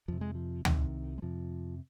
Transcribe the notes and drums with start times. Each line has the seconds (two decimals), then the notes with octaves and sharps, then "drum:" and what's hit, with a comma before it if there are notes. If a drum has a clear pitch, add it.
0.08 F2 C3 F3
0.21 G#3
0.35 F3
0.65 C2 C3 D#3, drum: tom D2
1.18 G#3
1.22 F2 C3 F3